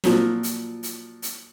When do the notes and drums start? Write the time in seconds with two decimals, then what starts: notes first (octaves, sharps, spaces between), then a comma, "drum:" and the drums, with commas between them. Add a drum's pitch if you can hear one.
0.04 A#2 F3 F#3, drum: snare
0.43 drum: hi-hat
0.83 drum: hi-hat
1.22 drum: hi-hat